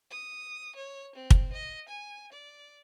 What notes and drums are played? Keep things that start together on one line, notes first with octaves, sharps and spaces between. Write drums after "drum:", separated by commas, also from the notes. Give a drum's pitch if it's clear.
D#6
C#5
C4
drum: kick
D#5
G#5
D5